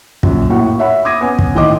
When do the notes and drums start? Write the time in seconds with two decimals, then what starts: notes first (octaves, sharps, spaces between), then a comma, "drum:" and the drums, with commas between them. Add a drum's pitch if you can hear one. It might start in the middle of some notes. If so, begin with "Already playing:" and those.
0.23 F#2 A#2, drum: kick
0.50 A2 A#3 F#4
0.79 C#5 E5 F#5 B5
1.05 D6 D#6 G#6 A#6 D#7
1.21 B3 C#4 G#5
1.39 drum: kick
1.55 A2 D#3 D#5 C6 D6